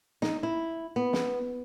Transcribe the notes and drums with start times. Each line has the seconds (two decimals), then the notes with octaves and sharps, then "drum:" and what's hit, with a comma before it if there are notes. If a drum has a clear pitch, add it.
0.22 D#4, drum: snare
0.43 E4
0.96 B3
1.13 drum: snare